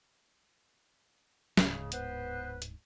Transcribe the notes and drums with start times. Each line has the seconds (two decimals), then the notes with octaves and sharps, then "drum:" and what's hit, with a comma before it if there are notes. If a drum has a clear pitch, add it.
1.57 D1 G#2 C#3, drum: snare
1.92 B3 B4 C5, drum: hi-hat
2.62 drum: hi-hat